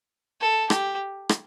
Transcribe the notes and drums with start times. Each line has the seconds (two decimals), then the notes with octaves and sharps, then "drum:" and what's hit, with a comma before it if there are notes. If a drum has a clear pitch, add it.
0.41 A4
0.70 G4, drum: rim click
1.29 drum: rim click